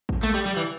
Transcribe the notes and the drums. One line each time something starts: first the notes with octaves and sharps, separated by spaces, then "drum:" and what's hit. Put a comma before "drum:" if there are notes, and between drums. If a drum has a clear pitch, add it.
drum: kick A1
A3
G3
G3
E3